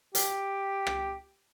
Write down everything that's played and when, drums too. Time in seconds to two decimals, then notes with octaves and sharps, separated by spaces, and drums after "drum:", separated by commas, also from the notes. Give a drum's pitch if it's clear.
0.15 G4, drum: hi-hat
0.87 drum: rim click